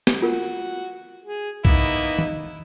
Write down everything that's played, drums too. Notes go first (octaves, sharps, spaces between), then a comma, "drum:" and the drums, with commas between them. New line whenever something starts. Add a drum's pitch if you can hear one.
drum: snare
F4 F#4 A#4
G#4
A#3 B3 D#4 E4, drum: kick B1
drum: tom D#3